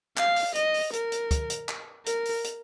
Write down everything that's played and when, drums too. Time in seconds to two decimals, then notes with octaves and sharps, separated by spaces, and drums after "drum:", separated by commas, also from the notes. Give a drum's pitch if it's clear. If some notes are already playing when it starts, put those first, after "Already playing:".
0.17 F5, drum: clap
0.36 drum: open hi-hat
0.55 D#5, drum: hi-hat
0.74 drum: open hi-hat
0.93 A#4, drum: hi-hat
1.12 drum: hi-hat
1.31 drum: kick, hi-hat
1.50 drum: hi-hat
1.69 drum: clap
2.06 A#4, drum: hi-hat
2.25 drum: open hi-hat
2.44 drum: hi-hat